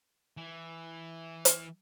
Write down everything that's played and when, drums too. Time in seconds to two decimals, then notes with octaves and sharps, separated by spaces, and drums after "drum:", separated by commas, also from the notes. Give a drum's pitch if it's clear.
0.37 E3
1.45 drum: hi-hat